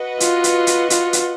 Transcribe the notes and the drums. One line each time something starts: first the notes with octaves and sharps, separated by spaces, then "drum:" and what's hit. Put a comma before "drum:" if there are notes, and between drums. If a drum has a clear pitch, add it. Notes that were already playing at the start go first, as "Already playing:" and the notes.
Already playing: F#4 B4 D#5 F#5
F4, drum: hi-hat
drum: hi-hat
drum: hi-hat
F4, drum: hi-hat
drum: hi-hat